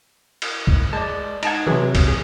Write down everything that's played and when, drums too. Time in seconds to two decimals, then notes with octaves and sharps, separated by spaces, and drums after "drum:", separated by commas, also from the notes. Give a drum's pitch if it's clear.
0.42 drum: cymbal
0.67 drum: kick
0.93 G#3 D5 A5
1.43 D#4 F#5 A5 A#5 G#6, drum: cymbal
1.67 C3 E3 F#3 G#4
1.95 drum: kick, cymbal
2.08 G#4